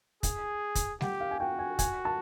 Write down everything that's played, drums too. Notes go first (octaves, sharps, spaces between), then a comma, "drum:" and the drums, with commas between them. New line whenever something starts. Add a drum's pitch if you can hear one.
G#4 G#5, drum: kick, hi-hat
drum: kick, hi-hat
G4 F#5, drum: snare G3
F5
G#5
F#4 G5
G#5
G#5, drum: kick, hi-hat
A5